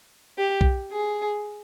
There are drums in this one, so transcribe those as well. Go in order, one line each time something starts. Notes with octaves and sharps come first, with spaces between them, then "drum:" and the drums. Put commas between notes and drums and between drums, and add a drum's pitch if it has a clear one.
G4
drum: kick
G#4